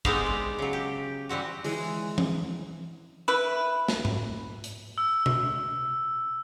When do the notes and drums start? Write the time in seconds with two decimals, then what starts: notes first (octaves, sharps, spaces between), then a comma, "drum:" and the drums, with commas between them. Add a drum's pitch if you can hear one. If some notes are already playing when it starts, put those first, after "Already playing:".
0.05 G#3 B3 C4 D#4 G4 F5, drum: kick
0.26 D5
0.59 C#3 F#3
0.73 G4
1.29 E3 G3 C4 F#4
1.64 E3 G#3, drum: open hi-hat
2.18 drum: tom E3
3.28 E4 B4
3.88 drum: snare
4.05 drum: tom G#2
4.64 drum: hi-hat
4.98 E6
5.26 drum: tom B2